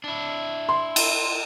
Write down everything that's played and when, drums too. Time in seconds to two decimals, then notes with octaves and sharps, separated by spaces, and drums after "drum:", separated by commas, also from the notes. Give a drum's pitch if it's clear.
0.04 D4 E4
0.69 C6
0.96 drum: cymbal